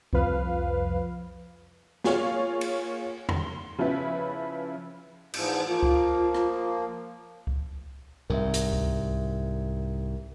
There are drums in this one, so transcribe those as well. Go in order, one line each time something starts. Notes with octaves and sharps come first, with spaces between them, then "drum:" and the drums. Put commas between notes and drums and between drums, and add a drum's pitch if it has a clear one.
C2 F2 F3 B4 F5, drum: kick C#2
A#3 F4 G#4 C#5 F5, drum: snare
drum: cymbal
C6, drum: tom E2
C#3 F3 C#4 E4 B4
E2 G#2 F3, drum: cymbal
F3 A#3 F4
drum: kick C#2
drum: rim click
drum: kick C#2
C2 G#2 A#4 E5
drum: hi-hat
drum: kick C#2